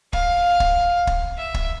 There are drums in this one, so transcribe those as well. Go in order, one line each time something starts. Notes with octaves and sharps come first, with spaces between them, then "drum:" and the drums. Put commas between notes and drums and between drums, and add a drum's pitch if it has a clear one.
F5, drum: kick
drum: kick
drum: kick
E5
drum: kick